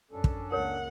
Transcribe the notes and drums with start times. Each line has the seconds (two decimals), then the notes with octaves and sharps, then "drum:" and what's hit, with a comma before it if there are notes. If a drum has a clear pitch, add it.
0.11 F#2 C#4 D4 A4
0.24 drum: kick
0.52 C#2 A#3 A#4 C#5 F#5